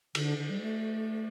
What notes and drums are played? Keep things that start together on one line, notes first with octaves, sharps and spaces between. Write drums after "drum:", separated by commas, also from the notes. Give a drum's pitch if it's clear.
D3, drum: cymbal
D3
G3
A3